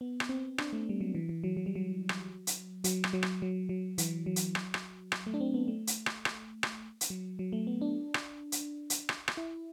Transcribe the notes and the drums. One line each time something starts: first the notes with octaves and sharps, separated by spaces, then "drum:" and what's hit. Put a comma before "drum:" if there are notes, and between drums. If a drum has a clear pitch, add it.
B3
drum: rim click
C4
D4, drum: rim click
A3
G3
F#3
E3
E3
F#3
F#3
G3
F#3
drum: rim click
drum: hi-hat
F#3, drum: hi-hat
drum: rim click
F#3
drum: rim click
F#3
F#3
E3, drum: hi-hat
F#3
drum: hi-hat
drum: rim click
drum: rim click
drum: rim click
A3
D4
C4
B3
A3
drum: hi-hat
drum: rim click
drum: rim click
drum: rim click
drum: hi-hat
F#3
F#3
A3
B3
D4
drum: rim click
drum: hi-hat
drum: hi-hat
drum: rim click
drum: rim click
E4